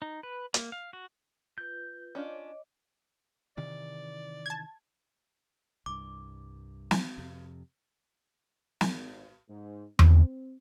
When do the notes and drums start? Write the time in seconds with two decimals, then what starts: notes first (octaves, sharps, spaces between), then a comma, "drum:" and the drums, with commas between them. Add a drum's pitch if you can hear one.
0.02 D#4
0.23 B4
0.54 A#3, drum: hi-hat
0.72 F5
0.93 F#4
1.58 F4 B4 G6
2.15 C#4 D4 F4 C#5 D#5 D6
3.57 C3 D#3 E3 D5
4.46 A5 G#6
5.86 C2 G2 D6
6.91 drum: snare
7.18 F2 C3
8.81 G#1, drum: snare
9.48 G#2
9.99 C4, drum: tom E2